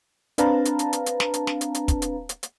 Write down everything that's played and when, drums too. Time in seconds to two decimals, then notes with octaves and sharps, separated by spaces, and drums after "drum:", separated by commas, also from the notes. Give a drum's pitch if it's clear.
0.38 C4 D4 B4 F5 A5 A#5, drum: hi-hat
0.65 drum: hi-hat
0.79 drum: hi-hat
0.93 drum: hi-hat
1.06 drum: hi-hat
1.20 drum: snare
1.34 drum: hi-hat
1.47 drum: snare
1.61 drum: hi-hat
1.75 drum: hi-hat
1.88 drum: kick, hi-hat
2.02 drum: hi-hat
2.29 drum: hi-hat
2.43 drum: hi-hat